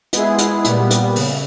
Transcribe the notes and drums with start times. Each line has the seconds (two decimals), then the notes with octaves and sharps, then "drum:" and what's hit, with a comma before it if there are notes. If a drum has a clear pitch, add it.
0.13 G#3 B3 E4 G#4, drum: hi-hat
0.39 drum: hi-hat
0.65 A#2 G3 B3, drum: hi-hat
0.90 drum: hi-hat
1.16 C#3, drum: open hi-hat